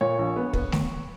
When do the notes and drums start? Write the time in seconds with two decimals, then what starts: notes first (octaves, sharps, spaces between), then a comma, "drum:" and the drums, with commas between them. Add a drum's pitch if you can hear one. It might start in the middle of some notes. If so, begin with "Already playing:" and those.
0.01 A#2 C#5
0.19 A#1
0.36 B3
0.53 B3, drum: kick
0.72 drum: snare A3